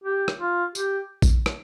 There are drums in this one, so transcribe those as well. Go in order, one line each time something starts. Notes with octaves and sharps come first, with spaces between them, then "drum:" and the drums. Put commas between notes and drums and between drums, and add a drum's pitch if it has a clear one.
G4
drum: rim click
F4
G4, drum: tambourine
drum: kick A#1, tambourine
drum: rim click